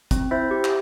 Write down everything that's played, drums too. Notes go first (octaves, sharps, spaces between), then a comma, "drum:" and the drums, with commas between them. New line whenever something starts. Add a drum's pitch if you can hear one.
C4, drum: kick, hi-hat
E4 C5 E5
G4
drum: clap